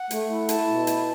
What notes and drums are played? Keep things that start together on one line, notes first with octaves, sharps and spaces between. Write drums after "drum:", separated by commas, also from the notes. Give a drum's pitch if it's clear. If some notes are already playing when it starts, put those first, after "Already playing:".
Already playing: F#5
A3, drum: hi-hat
E4
E4 A5, drum: hi-hat
B2
E4, drum: hi-hat